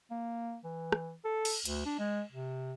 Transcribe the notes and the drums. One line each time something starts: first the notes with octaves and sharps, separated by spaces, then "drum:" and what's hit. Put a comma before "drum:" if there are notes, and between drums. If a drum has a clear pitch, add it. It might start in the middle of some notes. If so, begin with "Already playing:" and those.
A#3
E3
drum: rim click
A4
drum: cymbal
D2, drum: hi-hat
D4
G#3
C3